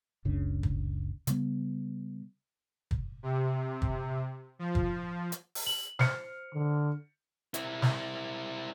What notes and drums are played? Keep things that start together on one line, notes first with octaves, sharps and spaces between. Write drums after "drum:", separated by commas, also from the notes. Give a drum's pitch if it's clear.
F#1 C#2 C#3 D4
drum: kick
C#3 G3 B3, drum: hi-hat
drum: kick
C3
drum: kick
F3
drum: kick
drum: hi-hat
drum: open hi-hat
F#7
C5 F6 C7 C#7, drum: snare
D3
C4 E4, drum: hi-hat
drum: snare